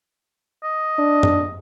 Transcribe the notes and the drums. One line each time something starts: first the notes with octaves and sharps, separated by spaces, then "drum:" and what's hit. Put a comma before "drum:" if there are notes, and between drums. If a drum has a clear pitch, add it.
D#5
D4
drum: tom F#2